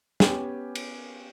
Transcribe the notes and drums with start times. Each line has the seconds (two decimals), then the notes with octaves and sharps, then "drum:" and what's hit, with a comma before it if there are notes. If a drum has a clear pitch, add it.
0.20 B3 C#4 G4 G5 G#5, drum: snare
0.75 drum: cymbal